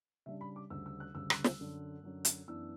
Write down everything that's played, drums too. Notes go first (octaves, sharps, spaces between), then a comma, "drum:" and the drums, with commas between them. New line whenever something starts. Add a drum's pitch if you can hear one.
C#3 G3 D4 E5
B5
D6
D2 C#3 G3 E6
E6
F#6
D2 C#3 G3 E6
F#6, drum: rim click
E6, drum: snare
F#2 D3 F#3
F#2 D3 F#3
drum: hi-hat
F#2 E3 B3 D4 E6